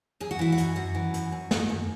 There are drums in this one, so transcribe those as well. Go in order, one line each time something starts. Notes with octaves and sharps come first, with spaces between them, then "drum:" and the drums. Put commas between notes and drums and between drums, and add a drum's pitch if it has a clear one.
F#2 G#4
F#4
E3 E4
F#4
F#2, drum: hi-hat
F#2 F#4
E3
F#2, drum: hi-hat
F#2
D#3, drum: snare
F#2